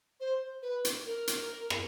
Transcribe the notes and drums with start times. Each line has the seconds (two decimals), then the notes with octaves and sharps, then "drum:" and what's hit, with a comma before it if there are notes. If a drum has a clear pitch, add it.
0.20 C5
0.63 B4
0.85 drum: hi-hat
1.06 A#4
1.27 drum: hi-hat
1.70 drum: rim click